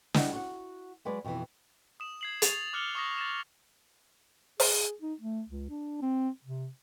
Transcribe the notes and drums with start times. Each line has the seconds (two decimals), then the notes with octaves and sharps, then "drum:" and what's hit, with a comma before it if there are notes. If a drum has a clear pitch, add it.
0.14 G3 E4 D#5 F#5, drum: snare
0.33 F#4 F#5
1.05 F#3 G#3 B4 D5
1.24 F2 B2 D#3 E3
2.00 D#6 E7
2.21 G#6 C7 F#7
2.42 A6 E7 F7, drum: hi-hat
2.73 D6 F6 F#6 C#7 F#7 G7
2.95 C#6 D#6 A#6
3.18 A6 E7
4.60 G#4, drum: open hi-hat
5.02 D#4
5.21 A3
5.49 C#2
5.70 D4
6.02 C4
6.45 C3